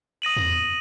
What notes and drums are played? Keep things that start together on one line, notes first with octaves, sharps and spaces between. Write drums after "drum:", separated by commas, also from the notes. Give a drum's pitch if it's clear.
D#6 A#6 D#7 F#7
drum: tom E2